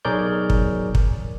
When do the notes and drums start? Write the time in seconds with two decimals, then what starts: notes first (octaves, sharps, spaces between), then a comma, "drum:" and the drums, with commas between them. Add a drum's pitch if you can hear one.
0.05 B1 G#4 A#4 C#5 D5 G6
0.50 drum: kick
0.95 drum: kick